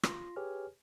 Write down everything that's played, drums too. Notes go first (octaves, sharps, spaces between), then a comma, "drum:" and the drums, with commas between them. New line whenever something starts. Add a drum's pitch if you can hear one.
F4 C6 A#6, drum: rim click
G4 G#4 B4 C#5 G#5 F6